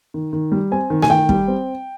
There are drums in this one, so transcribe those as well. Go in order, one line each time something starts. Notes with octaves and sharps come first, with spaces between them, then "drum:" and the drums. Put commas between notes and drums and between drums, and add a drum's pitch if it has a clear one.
D#3
D#3
G3
C4 G#5
D#3
G#5, drum: snare A3
D#3 G5
G3, drum: kick
C4